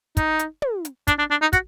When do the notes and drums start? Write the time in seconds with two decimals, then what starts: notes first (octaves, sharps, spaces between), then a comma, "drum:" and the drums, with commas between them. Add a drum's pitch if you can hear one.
0.17 D#4, drum: kick, hi-hat
0.39 drum: hi-hat
0.62 drum: tom
0.85 drum: hi-hat
1.07 D4, drum: kick, hi-hat
1.19 D4
1.30 D4
1.42 D#4
1.53 F#4, drum: kick, hi-hat